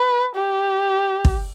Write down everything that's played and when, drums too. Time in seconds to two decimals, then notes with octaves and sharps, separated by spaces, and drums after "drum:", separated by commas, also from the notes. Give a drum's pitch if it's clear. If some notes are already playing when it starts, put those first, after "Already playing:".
Already playing: B4
0.36 G4
1.25 drum: kick